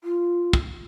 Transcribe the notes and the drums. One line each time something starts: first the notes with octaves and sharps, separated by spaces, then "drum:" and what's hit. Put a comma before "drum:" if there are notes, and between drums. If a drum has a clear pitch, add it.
F4
drum: kick